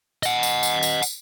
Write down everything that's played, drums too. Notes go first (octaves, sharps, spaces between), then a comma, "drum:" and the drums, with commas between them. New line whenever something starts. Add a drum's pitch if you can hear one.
D#5 F#5, drum: tambourine
drum: tambourine
drum: tambourine
drum: tambourine
drum: tambourine